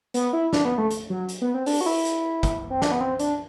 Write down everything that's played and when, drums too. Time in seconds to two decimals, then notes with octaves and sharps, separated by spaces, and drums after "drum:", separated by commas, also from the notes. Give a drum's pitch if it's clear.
0.14 B3, drum: hi-hat
0.33 E4
0.53 D4, drum: snare
0.65 B3
0.78 A3
0.91 drum: hi-hat
1.10 F#3
1.29 drum: hi-hat
1.41 B3
1.54 C4
1.66 D4, drum: open hi-hat
1.81 F#4
1.86 E4
2.05 drum: hi-hat
2.43 drum: kick, hi-hat
2.70 C4
2.82 D4, drum: snare
2.92 B3
3.01 C4
3.19 D4, drum: hi-hat